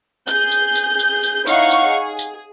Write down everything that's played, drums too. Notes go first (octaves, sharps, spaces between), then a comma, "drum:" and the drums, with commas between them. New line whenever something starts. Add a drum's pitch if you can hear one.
G#4 G6, drum: tambourine
drum: tambourine
drum: tambourine
drum: tambourine
drum: tambourine
D#4 E4 C#5 F5 F#5 C#6, drum: tambourine
drum: tambourine
G#4
drum: tambourine